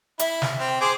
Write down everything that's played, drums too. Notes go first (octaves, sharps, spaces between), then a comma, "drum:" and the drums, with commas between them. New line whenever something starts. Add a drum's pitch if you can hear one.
E4, drum: hi-hat
drum: snare
C4 G4
G#4 C5 D6